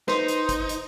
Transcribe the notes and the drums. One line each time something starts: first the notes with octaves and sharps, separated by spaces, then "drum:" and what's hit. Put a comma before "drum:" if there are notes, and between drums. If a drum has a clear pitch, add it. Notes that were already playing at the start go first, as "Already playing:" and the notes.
D#4 B4 C5, drum: snare
drum: hi-hat
drum: kick G1, hi-hat
drum: hi-hat